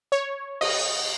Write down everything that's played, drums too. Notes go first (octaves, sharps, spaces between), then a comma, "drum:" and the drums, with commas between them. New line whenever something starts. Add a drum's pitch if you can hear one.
C#5
D#5, drum: cymbal